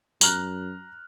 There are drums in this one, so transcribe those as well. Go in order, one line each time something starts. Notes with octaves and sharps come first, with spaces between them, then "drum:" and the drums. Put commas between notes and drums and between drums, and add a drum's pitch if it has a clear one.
F#2 A#5 F6 F#6, drum: tambourine